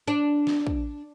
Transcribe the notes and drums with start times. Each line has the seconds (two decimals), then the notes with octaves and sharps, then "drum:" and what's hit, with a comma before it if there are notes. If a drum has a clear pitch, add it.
0.08 D4
0.47 drum: snare
0.67 drum: kick